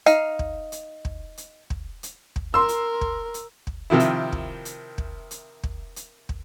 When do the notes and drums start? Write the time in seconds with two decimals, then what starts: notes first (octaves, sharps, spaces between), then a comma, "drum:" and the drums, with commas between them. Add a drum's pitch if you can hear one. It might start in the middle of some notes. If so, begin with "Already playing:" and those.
0.06 D#4 F5, drum: hi-hat
0.39 drum: kick
0.72 drum: hi-hat
1.05 drum: kick
1.37 drum: hi-hat
1.70 drum: kick
2.03 drum: hi-hat
2.36 drum: kick
2.54 A#4 C6 E6
2.69 drum: hi-hat
3.01 drum: kick
3.34 drum: hi-hat
3.67 drum: kick
3.90 C3 D#3 F3 E4
4.00 drum: hi-hat
4.32 drum: kick
4.65 drum: hi-hat
4.98 drum: kick
5.31 drum: hi-hat
5.63 drum: kick
5.96 drum: hi-hat
6.29 drum: kick